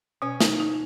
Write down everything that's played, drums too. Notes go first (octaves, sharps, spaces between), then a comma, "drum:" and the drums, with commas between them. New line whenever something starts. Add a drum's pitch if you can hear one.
B2 C#4
D#4, drum: snare
D#4